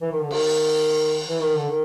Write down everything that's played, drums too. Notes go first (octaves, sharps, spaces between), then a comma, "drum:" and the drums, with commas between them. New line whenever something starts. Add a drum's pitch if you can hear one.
E3
D#3
D3
D#3, drum: cymbal
E3
D#3
D3
D#3